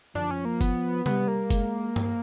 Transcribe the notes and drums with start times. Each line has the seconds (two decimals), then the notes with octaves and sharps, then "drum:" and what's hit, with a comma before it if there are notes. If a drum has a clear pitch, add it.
0.15 F3 D4, drum: tom F#2
0.31 C#4
0.45 A#3
0.61 B3, drum: kick F#1, hi-hat
1.06 G3 B3, drum: tom C3
1.28 A#3
1.50 G#3, drum: kick F#1, hi-hat
1.96 drum: tom G2